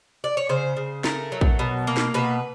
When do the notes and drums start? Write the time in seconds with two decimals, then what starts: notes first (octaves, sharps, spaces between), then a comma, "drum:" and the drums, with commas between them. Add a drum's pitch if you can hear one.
0.24 D5
0.37 C#5
0.49 C#3 C5
0.77 C#3
1.04 A3 A#4, drum: snare
1.32 F#3
1.41 drum: kick
1.59 B2
1.87 A#3
1.97 drum: snare
2.14 B2 B4